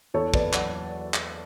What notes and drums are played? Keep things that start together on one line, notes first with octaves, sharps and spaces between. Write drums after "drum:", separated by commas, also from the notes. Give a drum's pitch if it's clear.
E2 A4 C#5
E2 B4 D5, drum: kick
F#3 D5 F#5, drum: clap
drum: clap